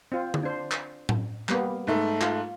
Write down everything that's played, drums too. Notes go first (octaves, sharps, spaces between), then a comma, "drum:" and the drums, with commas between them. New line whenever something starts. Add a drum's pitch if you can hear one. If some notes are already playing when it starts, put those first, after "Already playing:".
C4 F4
drum: tom D3
D4 C5
drum: clap
drum: tom A2
G3 A#3 B3, drum: clap
G#2 A3
F4, drum: clap